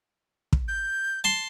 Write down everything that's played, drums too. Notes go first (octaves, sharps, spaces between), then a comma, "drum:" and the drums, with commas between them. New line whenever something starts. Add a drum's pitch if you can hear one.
drum: kick
G6
A5 C6